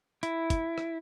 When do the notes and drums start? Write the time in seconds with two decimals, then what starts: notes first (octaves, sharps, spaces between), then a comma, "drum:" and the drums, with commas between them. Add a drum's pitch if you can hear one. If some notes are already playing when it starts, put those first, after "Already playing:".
0.23 E4, drum: hi-hat
0.50 drum: kick, hi-hat
0.78 drum: rim click